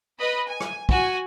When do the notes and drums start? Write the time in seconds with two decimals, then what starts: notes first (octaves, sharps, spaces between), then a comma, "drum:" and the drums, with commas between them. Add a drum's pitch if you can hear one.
0.19 B4 D#5 B5
0.47 G#5
0.60 drum: rim click
0.89 F#4 G#5, drum: kick